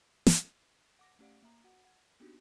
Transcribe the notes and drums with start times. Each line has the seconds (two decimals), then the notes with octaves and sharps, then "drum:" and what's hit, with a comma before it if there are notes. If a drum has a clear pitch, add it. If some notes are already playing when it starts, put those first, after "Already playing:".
0.27 drum: snare
0.99 F#5 D6 A#6
1.19 A3 C#4 G4 D5 F5 F#5
1.43 A#3 E5 A#5
1.64 F#4 F#5
1.85 F#5 G#6
2.20 A#3 B3 D4 D#4 F#4 G4